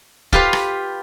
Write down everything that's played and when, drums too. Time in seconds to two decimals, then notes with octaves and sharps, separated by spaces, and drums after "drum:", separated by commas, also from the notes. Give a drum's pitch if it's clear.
0.32 F4 G4 B4 F5, drum: kick
0.53 drum: rim click